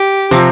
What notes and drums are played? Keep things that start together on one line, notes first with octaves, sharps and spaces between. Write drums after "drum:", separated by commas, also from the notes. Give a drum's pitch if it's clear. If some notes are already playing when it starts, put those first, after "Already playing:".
Already playing: G4
C3 F3 C4, drum: hi-hat